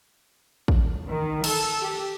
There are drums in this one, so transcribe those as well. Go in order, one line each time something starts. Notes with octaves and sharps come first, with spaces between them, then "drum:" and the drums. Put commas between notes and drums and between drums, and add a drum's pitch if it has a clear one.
drum: kick
D#3
A4, drum: cymbal
G4